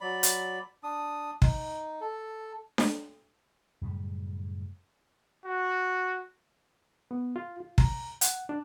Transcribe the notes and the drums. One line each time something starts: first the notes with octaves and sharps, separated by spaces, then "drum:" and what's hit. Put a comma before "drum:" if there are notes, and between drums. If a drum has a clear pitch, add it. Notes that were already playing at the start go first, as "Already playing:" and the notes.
F#3 D5 B5
drum: hi-hat
D4 D#6
D#4, drum: kick
A4
drum: snare D4
F#2 A2 C#3 G3
F#4
B3
F4
F4
A#5, drum: kick
F#5, drum: hi-hat
D4